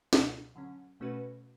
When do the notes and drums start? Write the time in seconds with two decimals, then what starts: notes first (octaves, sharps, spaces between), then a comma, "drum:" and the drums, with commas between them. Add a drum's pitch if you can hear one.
0.13 C#2 B2 F#3, drum: snare
0.55 D3 F#3 C#4
1.00 B2 A3 C#4 F#4 B4